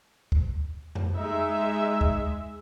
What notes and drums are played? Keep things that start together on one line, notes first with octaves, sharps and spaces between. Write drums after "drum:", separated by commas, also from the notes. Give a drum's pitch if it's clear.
drum: kick
drum: tom F2
G#3 D#4 E5
drum: kick